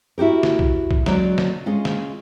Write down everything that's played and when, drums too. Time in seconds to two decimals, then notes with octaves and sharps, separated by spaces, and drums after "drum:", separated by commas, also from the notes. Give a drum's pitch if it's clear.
0.18 E4 F#4 G4 A#4
0.43 drum: snare
0.59 drum: kick B1
0.91 drum: kick B1
1.06 F#3 G#3 C#4 F#4 C#5 D5, drum: snare
1.38 drum: snare
1.66 G#3 C#4 F4
1.85 drum: snare